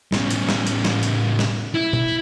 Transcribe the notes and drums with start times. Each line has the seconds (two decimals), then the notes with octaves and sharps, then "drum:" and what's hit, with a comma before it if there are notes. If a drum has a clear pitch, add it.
0.12 A2 C#3, drum: snare
0.30 drum: hi-hat
0.49 drum: snare
0.67 drum: hi-hat
0.85 drum: snare
1.03 drum: hi-hat
1.39 drum: snare
1.74 E4
1.93 drum: tom B2